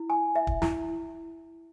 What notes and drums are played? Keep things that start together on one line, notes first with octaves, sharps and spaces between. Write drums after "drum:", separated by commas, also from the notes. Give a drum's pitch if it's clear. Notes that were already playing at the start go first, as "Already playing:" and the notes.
Already playing: E4
G#5
E5
drum: kick
E4, drum: snare